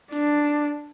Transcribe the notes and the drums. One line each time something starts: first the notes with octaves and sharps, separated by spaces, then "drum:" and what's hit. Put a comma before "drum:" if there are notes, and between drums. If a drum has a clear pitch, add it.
D4, drum: open hi-hat